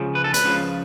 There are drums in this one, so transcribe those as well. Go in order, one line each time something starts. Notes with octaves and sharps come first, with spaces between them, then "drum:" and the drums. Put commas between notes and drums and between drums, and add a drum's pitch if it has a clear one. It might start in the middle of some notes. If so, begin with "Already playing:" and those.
Already playing: C#2 C#3 F3
B4
A4
B4, drum: hi-hat
C#2 C#3 F3